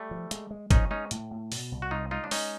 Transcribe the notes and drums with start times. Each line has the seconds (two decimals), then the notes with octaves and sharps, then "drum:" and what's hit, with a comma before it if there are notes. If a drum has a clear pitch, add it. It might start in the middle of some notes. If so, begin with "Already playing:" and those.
Already playing: G3 A3
0.11 F3
0.31 G#3, drum: hi-hat
0.51 G#3
0.71 F3 C#4 D#4, drum: kick, hi-hat
0.91 G#3 C#4 D#4
1.11 A2, drum: hi-hat
1.31 A2
1.52 B2, drum: open hi-hat
1.72 C2
1.82 F#4
1.91 C2 D#4 F4
2.11 G#3 D#4 F4
2.24 D4
2.31 G#3 C#4 D#4, drum: open hi-hat